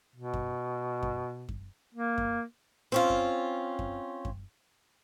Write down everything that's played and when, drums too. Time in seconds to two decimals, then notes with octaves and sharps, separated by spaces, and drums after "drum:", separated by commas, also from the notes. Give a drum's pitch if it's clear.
0.16 B2
0.34 drum: kick F#2
1.03 drum: kick F#2
1.49 drum: kick F#2
1.95 A#3
2.18 drum: kick F#2
2.92 C4 C#4 F4
3.10 drum: kick F#2
3.79 drum: kick F#2
4.25 drum: kick F#2